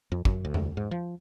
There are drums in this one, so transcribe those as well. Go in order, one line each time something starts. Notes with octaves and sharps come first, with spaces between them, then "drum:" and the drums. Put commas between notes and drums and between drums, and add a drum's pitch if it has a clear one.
F2
F#2, drum: kick
D2
drum: tom E2
G#2
F3